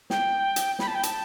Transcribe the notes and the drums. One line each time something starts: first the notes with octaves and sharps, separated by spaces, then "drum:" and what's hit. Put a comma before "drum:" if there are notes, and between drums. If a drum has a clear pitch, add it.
G5, drum: snare
drum: hi-hat
B5, drum: snare
A5
G5
A5, drum: hi-hat